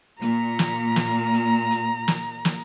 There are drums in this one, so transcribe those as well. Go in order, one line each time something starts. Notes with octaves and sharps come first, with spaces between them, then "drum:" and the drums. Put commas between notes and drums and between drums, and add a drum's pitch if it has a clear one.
A#2 A#5, drum: hi-hat
drum: snare
drum: snare
drum: hi-hat
drum: hi-hat
drum: snare
drum: snare